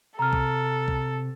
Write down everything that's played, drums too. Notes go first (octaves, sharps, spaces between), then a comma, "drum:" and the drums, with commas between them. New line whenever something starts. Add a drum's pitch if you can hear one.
C3 A4 A#5 F6
drum: kick C2
drum: kick C2